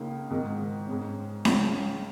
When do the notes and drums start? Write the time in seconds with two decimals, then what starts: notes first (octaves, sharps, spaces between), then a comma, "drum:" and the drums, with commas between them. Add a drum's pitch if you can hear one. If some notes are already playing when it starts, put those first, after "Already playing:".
Already playing: C#2 C#3 A#3 D#4
0.30 G#2 D#3 G#3
0.87 G#2 G#3 C#4
1.45 C#2 C#3 G#3 C#4, drum: snare C#4